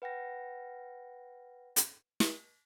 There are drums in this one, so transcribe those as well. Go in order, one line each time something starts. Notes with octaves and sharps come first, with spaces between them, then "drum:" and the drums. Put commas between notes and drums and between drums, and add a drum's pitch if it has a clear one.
B4 F#5 G5 A#6
drum: hi-hat
drum: snare